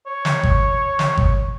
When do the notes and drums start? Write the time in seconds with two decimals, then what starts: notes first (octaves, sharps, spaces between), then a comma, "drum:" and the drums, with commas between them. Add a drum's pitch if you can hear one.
0.06 C#5
0.25 drum: snare
0.43 drum: kick G#1
0.99 drum: snare
1.17 drum: kick G#1